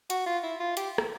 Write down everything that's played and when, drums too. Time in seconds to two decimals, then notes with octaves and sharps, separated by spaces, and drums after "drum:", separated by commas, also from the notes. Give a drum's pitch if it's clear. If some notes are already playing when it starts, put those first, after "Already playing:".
0.10 F#4, drum: hi-hat
0.26 F4
0.43 E4
0.60 F4
0.77 G4, drum: hi-hat
0.98 drum: rim click